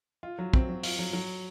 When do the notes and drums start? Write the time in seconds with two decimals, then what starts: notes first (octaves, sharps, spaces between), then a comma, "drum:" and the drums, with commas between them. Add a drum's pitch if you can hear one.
0.23 F4
0.39 F#3
0.54 C4, drum: kick
0.69 F#3
0.83 F4, drum: open hi-hat
0.99 F#3
1.13 F#3